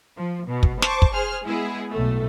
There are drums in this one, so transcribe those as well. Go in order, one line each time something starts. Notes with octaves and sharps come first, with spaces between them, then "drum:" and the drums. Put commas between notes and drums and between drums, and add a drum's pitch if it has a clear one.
F3
B2
drum: kick
C5 A5 C#6 D6, drum: snare
drum: kick
G#4 C5 F6
G#3 B3 E4 G#4
B1 A2 A3